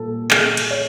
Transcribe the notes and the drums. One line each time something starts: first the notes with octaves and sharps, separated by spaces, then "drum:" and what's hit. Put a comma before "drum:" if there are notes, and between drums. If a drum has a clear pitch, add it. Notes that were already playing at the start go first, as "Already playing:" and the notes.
Already playing: A#2 G3 A4
G#4, drum: clap
drum: cymbal
C#5